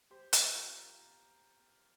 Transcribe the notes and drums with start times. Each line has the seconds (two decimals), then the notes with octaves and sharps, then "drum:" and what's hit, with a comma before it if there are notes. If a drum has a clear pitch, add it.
0.11 G4 C5
0.33 G4 C5, drum: hi-hat
0.55 F4 A#4